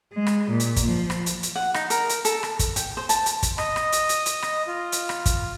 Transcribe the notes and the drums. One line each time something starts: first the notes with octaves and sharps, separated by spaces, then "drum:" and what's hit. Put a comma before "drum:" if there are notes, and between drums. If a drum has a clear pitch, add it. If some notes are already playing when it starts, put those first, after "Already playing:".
G#3
drum: rim click
A#2
drum: hi-hat
drum: kick, hi-hat
F3
drum: rim click
drum: hi-hat
drum: hi-hat
F#5
D#4, drum: rim click
A#4, drum: hi-hat
drum: hi-hat
A4, drum: hi-hat
drum: rim click
drum: kick, hi-hat
G5, drum: hi-hat
C5
A5, drum: hi-hat
drum: hi-hat
drum: kick, hi-hat
D#5, drum: rim click
drum: rim click
drum: hi-hat
drum: hi-hat
drum: hi-hat
drum: rim click
F4
drum: hi-hat
drum: rim click
drum: kick, hi-hat